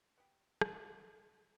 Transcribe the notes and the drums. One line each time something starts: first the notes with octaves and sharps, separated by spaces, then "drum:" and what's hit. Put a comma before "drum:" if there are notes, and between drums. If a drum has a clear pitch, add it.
B3 G4
C#4 G4 D#5, drum: rim click